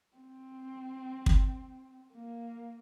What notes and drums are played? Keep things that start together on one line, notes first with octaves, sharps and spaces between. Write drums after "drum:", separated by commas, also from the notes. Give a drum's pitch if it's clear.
C4
drum: kick
A#3